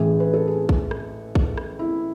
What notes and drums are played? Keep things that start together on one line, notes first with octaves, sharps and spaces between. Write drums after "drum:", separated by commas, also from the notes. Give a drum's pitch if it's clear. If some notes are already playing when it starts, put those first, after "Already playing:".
Already playing: A1 A2 E3 G#4
B4
A4
G#4
drum: kick
drum: rim click
drum: kick
drum: rim click
E4